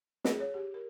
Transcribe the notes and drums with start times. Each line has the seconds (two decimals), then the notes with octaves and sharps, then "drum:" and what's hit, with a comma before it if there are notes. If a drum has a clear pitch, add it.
0.25 G#4, drum: snare
0.40 C#5
0.54 G4
0.74 A#4